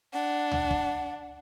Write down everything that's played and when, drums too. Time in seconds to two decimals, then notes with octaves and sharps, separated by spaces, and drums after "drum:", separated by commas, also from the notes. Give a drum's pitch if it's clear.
0.13 D4 F#5
0.52 drum: tom C#2
0.71 drum: kick